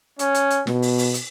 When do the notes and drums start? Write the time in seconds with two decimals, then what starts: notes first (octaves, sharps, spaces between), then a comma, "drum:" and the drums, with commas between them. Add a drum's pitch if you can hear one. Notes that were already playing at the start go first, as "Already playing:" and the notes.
0.19 C#4, drum: hi-hat
0.34 drum: hi-hat
0.50 drum: hi-hat
0.67 B2, drum: snare
0.82 drum: open hi-hat
0.98 drum: open hi-hat
1.14 drum: hi-hat